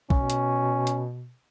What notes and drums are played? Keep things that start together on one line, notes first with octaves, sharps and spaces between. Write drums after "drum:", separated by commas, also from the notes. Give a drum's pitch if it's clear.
B2 C#4, drum: kick
drum: hi-hat
drum: hi-hat